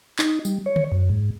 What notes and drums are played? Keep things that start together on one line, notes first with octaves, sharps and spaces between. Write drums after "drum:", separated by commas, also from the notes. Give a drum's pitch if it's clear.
D#4, drum: clap
G3, drum: tambourine
C#5
drum: tom D3
F#2
G#2